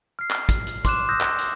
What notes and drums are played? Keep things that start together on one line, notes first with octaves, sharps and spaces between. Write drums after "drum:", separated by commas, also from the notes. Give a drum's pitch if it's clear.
F6 C7
drum: clap
drum: kick, hi-hat
drum: hi-hat
C6 D6 F#6 E7, drum: kick, hi-hat
D#6 E6 F#6 G6 A#6
drum: clap
drum: hi-hat